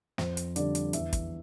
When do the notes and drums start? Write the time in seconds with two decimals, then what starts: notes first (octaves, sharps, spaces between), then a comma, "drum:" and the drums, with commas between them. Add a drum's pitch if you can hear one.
0.18 F2 C5, drum: snare
0.37 drum: hi-hat
0.56 D3 G3 D4 D5, drum: hi-hat
0.75 drum: hi-hat
0.93 E2 E5, drum: hi-hat
1.13 drum: kick, hi-hat